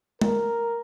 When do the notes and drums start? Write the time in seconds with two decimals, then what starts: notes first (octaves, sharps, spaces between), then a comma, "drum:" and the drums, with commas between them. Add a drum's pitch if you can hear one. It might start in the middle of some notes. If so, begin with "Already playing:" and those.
0.21 A#4, drum: tom G#3